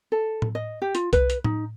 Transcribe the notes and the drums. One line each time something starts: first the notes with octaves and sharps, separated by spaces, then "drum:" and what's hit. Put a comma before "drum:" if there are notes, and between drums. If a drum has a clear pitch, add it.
A4
drum: tom A2
D#5
G4
F4, drum: hi-hat
B4, drum: kick C2, hi-hat
drum: hi-hat
D#4, drum: tom A2